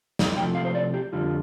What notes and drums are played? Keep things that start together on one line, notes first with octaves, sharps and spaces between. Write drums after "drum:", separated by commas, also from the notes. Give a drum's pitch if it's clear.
drum: snare
C2 C3 F3 A3 G5
F5
C5
D5
G4
F2 D3 G3 F4